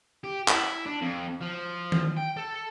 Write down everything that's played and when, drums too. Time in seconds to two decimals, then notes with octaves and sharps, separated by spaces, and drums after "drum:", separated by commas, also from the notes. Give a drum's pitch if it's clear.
0.24 G4
0.48 E4, drum: clap
0.86 D4
1.01 F2
1.41 F3
1.92 drum: tom D#3
2.17 G5
2.37 A4